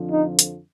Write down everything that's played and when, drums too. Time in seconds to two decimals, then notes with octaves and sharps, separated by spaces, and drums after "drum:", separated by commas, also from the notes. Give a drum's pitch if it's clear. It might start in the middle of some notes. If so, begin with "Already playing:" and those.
Already playing: F2 D3 F3
0.09 D#4
0.39 drum: hi-hat